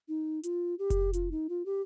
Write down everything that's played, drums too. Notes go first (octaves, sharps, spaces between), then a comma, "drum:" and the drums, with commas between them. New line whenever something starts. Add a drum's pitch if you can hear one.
D#4
F4, drum: hi-hat
G4
drum: kick F1, hi-hat
F4, drum: hi-hat
D#4
F4
G4